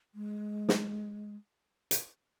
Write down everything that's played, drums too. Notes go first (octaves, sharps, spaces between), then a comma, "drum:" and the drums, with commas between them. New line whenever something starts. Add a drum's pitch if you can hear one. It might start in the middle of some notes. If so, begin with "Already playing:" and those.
G#3
drum: snare
drum: hi-hat